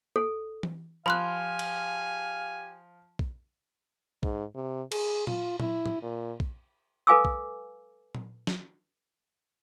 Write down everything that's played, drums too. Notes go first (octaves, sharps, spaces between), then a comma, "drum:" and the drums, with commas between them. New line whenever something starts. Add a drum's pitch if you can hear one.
A4
drum: tom E3
F3 G4 F5 G#5 B5 C6 F#6
drum: cymbal
drum: kick
G#2, drum: kick
C3
G#4, drum: cymbal
F4, drum: tom A#2
E4, drum: tom A#2
drum: tom
A#2
drum: kick
A4 B4 F5 G#5 D6 E6
drum: kick
drum: tom A#2
drum: snare